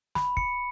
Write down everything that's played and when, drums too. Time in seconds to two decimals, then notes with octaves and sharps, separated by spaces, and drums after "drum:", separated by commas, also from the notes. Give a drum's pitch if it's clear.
0.15 B5, drum: snare
0.37 C#7, drum: kick